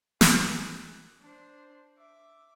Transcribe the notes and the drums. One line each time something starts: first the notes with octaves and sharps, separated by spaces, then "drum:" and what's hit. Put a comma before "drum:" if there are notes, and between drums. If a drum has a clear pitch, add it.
G#4, drum: snare
F#6
D4 C5
E5 D6